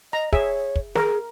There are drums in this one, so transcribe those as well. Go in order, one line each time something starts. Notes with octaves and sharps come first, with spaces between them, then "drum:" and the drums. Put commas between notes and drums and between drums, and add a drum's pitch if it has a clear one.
D#5 A#5
G#4 C#5 E5, drum: kick
drum: kick
G#4 A#4, drum: snare